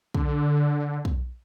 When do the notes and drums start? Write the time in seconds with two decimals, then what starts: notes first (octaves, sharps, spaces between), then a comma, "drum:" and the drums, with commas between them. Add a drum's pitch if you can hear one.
0.14 D3, drum: kick
1.05 drum: kick